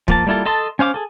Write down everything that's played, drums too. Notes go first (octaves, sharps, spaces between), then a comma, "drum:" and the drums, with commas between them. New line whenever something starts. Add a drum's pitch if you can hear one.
F3 A#3 A5, drum: kick
G3 A#3 E4 F4 A4
A4 D#5 A5 C6
C#4 C5 F5 D6
G#4 A4